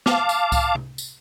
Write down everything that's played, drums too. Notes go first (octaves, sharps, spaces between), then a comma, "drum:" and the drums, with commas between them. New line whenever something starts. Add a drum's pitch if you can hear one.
F5 A5 D6, drum: snare
drum: tambourine
drum: kick C2, tambourine
drum: tom C3
drum: tambourine